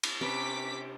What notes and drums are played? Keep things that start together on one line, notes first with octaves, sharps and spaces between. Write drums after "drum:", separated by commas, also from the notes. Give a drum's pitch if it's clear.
drum: cymbal
C3 C#4 B4 D6 B6